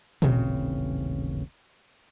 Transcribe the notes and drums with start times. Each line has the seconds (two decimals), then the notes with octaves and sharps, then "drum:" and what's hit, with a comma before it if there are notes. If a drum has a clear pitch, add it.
0.22 D#1 A1 C#3 C4, drum: tom A#2